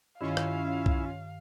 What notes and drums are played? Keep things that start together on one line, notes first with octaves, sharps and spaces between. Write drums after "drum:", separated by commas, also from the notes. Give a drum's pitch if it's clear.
G2 D#3 C#4 E4 F4 F5
drum: rim click
drum: kick B1